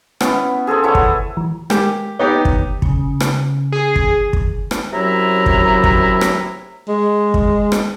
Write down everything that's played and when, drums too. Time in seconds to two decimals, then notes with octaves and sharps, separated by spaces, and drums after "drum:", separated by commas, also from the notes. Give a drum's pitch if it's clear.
0.20 B3 C#4 E4 C#6, drum: rim click
0.67 G#4 A4 C5 G#5
0.84 E4 B4 C#5 F#5
0.95 drum: kick
1.37 E3
1.70 G#3 G4 A#4 G#5, drum: rim click
2.19 B3 D#4 G4 C#5
2.45 drum: kick
2.82 C#3, drum: kick
3.20 drum: rim click
3.72 G#4
3.96 drum: kick
4.33 drum: kick
4.71 drum: rim click
4.92 F#2 C3 F#3 E4 A#5
5.46 drum: kick
5.84 drum: kick
6.21 drum: rim click
6.88 G#3
7.34 drum: kick
7.72 drum: rim click